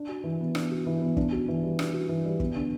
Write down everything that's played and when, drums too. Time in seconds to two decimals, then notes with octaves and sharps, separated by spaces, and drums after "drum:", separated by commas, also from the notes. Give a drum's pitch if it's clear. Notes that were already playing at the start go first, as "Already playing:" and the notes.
Already playing: D4
0.09 F#4
0.24 E3
0.40 B3
0.55 D4, drum: rim click
0.71 F#4
0.86 E3
1.01 B3
1.17 D4, drum: kick
1.32 F#4
1.48 E3
1.63 G3
1.79 D4, drum: rim click
1.93 F#4
2.09 E3
2.25 G3
2.40 B3, drum: kick
2.56 D3